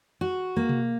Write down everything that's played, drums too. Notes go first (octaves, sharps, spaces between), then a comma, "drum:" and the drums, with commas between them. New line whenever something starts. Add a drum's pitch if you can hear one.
F#4
A#3
drum: tom B2